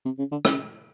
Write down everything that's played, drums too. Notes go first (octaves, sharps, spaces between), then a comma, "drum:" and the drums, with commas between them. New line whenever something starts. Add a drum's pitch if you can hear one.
C3
C#3
D3
C#3, drum: rim click